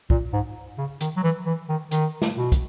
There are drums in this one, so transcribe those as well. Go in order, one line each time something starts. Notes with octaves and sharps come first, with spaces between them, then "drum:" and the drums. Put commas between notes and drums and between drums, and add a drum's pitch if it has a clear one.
A#2, drum: kick
G#2
C#3
D#3, drum: hi-hat
F#3
E3
E3
D#3
D#3, drum: hi-hat
drum: snare
B2
drum: kick, hi-hat